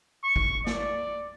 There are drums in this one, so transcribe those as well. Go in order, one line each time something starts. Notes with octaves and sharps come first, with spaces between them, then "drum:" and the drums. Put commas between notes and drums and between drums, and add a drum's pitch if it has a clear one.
C#6
drum: kick
D5, drum: snare